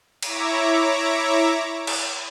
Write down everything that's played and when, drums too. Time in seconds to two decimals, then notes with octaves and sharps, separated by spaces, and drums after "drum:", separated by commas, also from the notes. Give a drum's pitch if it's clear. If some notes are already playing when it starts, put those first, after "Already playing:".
0.22 E4 C#5 E5 A#5 D6, drum: cymbal
1.87 drum: cymbal